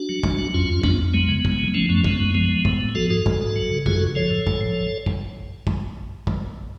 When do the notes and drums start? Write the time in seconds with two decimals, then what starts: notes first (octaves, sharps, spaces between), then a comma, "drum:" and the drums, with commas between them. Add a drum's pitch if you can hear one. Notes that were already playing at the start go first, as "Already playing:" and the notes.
Already playing: D4 F#4
0.09 F#3
0.23 F#3, drum: kick
0.39 F#3
0.54 F2 C#4 F4
0.69 F2
0.83 F2 B3 D4, drum: kick
0.99 F2
1.14 F#3 G#3 B3
1.29 C#3
1.45 C#3, drum: kick
1.59 F#3
1.68 B3
1.74 F3 A3 C#4
1.89 F#2 A3 C#4
2.04 F#2 G#3 B3, drum: kick
2.20 F#2
2.34 F3 G#3 B3
2.49 F3
2.65 A2, drum: kick
2.81 A2
2.95 F3 F#4 A4
3.10 G#2 F#4 A4
3.26 G#2, drum: kick
3.41 G#2
3.56 F#3
3.70 C#3
3.86 F#2 F4 G#4, drum: kick
3.96 F#4 A4
4.01 C#3
4.15 F3 A4 C#5
4.30 A2
4.47 A2, drum: kick
4.61 F3
5.06 drum: kick
5.67 drum: kick
6.27 drum: kick